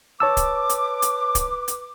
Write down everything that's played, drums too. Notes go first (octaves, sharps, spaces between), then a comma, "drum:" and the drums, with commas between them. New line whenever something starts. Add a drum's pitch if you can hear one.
B4 C#5 A5 D6 E6
drum: kick C#1, hi-hat
drum: hi-hat
drum: hi-hat
drum: kick C#1, hi-hat
drum: hi-hat